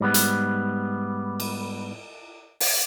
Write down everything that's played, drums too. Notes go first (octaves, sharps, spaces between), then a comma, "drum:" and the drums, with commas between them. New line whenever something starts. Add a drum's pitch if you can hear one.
G#2 G3 B3
drum: hi-hat
drum: cymbal
drum: open hi-hat